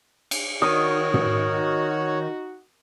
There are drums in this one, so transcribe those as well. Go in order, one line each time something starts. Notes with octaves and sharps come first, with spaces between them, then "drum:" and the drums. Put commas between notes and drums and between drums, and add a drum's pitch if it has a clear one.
drum: cymbal
D#3 D#4 F#4 C#5 D#6
drum: tom